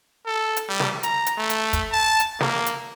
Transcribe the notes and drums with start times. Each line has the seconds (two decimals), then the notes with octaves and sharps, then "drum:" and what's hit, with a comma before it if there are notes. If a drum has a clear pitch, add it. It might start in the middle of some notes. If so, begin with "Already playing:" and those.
0.26 A4
0.57 drum: hi-hat
0.69 G3
0.80 drum: snare
1.03 A#5, drum: hi-hat
1.26 drum: hi-hat
1.38 A3
1.50 drum: hi-hat
1.73 drum: kick, hi-hat
1.92 A5
2.20 drum: hi-hat
2.41 A#3, drum: snare
2.66 drum: hi-hat